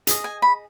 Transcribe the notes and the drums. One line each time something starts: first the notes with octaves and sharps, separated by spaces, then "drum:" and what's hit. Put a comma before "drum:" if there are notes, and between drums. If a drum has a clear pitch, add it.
G#4 D#5, drum: hi-hat
G#5
B5